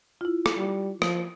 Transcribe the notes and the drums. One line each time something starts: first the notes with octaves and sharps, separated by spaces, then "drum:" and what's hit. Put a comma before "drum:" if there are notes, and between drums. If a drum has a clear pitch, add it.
E4 F4
drum: rim click
G3
F3, drum: rim click